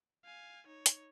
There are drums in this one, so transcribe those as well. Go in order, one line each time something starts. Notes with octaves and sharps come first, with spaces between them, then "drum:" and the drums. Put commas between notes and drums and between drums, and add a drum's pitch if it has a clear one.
F5 G#5
D#4 C#5
drum: hi-hat